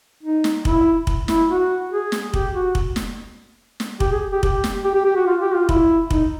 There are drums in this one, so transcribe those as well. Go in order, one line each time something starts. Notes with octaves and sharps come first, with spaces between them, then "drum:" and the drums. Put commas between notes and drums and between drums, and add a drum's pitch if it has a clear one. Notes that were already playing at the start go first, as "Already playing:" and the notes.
D#4
drum: snare
E4, drum: kick
drum: kick
E4, drum: snare
F#4
G#4
drum: snare
G4, drum: kick
F#4
drum: kick
drum: snare
drum: snare
G4, drum: kick
G#4
G4
G4, drum: kick
drum: snare
G4
G4
G4
F#4
F4
G4
F4
E4, drum: kick
D#4, drum: kick